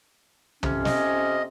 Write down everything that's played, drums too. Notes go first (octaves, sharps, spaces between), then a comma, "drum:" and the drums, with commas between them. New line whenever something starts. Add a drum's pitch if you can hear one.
F2 C3 C#4, drum: tom
D#5, drum: snare